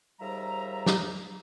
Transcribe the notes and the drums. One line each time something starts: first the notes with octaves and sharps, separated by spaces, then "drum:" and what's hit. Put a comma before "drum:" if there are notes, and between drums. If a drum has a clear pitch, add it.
D#2 G#2 F3 G3 E5 A#5
drum: snare